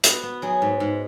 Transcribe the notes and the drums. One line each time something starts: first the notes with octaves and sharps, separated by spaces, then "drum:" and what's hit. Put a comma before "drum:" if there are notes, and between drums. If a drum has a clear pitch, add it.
B3 F#4, drum: hi-hat
B3
F#3 G#4
G#2
G#2